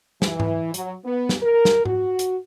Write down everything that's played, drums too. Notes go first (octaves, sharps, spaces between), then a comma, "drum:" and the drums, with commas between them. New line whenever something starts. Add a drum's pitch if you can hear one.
E3, drum: snare
drum: tom G#2
F#3, drum: hi-hat
B3
drum: snare
A#4
drum: snare
F#4, drum: tom G#2
drum: hi-hat